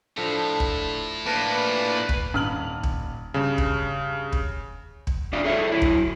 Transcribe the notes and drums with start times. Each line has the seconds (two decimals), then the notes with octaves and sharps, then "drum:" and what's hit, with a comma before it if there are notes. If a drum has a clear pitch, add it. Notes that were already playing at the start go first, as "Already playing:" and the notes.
0.17 A2 F3 D4 A4
0.60 drum: kick
1.26 A#3 D4 B4 A5 A#6
2.09 drum: kick
2.34 D#1 F6 F#7
2.83 drum: kick
3.34 G2 C#3 E7
3.58 drum: kick
4.32 drum: kick
5.07 drum: kick
5.33 D4 F#4 D5 F5
5.44 G#4 A4 C#5 E5
5.72 F#3 E4
5.81 drum: kick